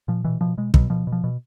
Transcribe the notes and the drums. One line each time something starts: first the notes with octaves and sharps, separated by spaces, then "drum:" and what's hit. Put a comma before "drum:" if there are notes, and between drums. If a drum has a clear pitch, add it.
A#2 F3
B2 E3
B2 F3
B2 G#3
B2 F#3, drum: kick
B2 F3
B2
F3
B2